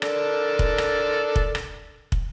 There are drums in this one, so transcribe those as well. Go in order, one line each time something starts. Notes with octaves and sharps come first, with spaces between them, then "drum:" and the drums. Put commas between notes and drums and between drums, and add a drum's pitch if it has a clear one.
D4 A4 A#4, drum: rim click
drum: kick
drum: rim click
drum: kick
drum: rim click
drum: kick